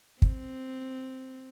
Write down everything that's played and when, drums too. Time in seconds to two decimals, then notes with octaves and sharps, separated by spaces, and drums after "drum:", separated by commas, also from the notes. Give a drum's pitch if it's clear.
0.22 C4, drum: kick